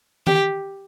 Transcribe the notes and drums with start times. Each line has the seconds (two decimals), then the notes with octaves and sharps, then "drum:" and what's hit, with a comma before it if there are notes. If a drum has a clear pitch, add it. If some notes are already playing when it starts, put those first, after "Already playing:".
0.27 G4, drum: tom D#3